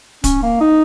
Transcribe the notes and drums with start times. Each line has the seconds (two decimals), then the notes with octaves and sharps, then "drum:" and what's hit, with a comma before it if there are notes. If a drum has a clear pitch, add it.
0.24 C#4, drum: kick D1, hi-hat
0.43 A#3
0.60 D#4